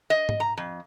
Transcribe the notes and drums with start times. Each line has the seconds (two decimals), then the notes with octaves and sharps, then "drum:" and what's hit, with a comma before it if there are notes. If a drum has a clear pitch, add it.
0.10 D#5
0.29 drum: tom G#2
0.40 A#5
0.58 F2